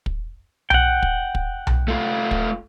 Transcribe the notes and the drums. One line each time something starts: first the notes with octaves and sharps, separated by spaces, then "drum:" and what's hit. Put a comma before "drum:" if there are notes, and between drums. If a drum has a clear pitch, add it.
drum: kick
F#5 G5, drum: tom B1
drum: kick
drum: kick
drum: tom B1
A3 F4
drum: kick